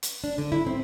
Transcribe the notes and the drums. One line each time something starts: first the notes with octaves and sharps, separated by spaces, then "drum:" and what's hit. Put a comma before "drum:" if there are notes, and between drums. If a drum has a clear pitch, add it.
drum: hi-hat
D4
D3
E4
C4